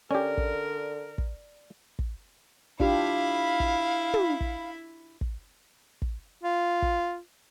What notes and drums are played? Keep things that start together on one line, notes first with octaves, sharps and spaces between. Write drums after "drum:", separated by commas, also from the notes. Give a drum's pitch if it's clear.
D3 C#4 G4 A#4 D5
drum: kick
drum: kick
drum: kick
D4 E4 F4 G4 F5 B5, drum: kick
drum: kick
drum: tom
drum: kick
drum: kick
drum: kick
F4
drum: kick